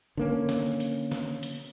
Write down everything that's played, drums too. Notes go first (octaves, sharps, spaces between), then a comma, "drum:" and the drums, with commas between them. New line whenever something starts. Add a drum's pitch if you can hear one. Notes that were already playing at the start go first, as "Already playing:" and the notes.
D3 A#3 C#4
drum: snare
drum: hi-hat
drum: snare
drum: hi-hat